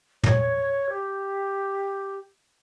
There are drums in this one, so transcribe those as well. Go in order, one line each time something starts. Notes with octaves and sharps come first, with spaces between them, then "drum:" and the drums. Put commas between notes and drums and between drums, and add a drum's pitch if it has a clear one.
C#5, drum: tom
G4